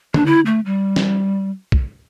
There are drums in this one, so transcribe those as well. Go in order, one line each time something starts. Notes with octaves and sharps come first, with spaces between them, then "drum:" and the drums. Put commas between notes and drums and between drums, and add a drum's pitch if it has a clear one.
D4, drum: tom D3
E4
A3
G3
drum: snare
drum: kick